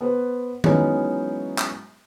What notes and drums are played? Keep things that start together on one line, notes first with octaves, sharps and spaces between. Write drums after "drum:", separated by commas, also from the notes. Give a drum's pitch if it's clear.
B3 B4 C5
E3 F#3 G#3 B3 C#4 D#4, drum: tom D#3
drum: clap